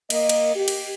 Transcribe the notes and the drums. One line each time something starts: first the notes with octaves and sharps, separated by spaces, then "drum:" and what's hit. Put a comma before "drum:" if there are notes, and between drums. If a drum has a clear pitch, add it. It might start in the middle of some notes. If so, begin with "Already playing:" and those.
A#3 A#4 D#5, drum: cymbal
drum: cymbal
G4
drum: cymbal